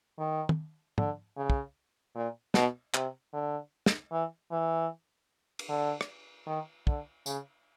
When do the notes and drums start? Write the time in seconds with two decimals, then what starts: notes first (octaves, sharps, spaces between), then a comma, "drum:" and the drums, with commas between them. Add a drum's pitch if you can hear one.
0.19 D#3
0.49 drum: tom
0.98 D3, drum: tom
1.37 C#3
1.50 drum: kick
2.15 A#2
2.54 B2, drum: snare
2.94 C3, drum: clap
3.33 D3
3.86 drum: snare
4.12 E3
4.51 E3
5.59 drum: cymbal
5.69 D3
6.01 drum: rim click
6.47 D#3
6.87 D3, drum: kick
7.26 C#3, drum: tambourine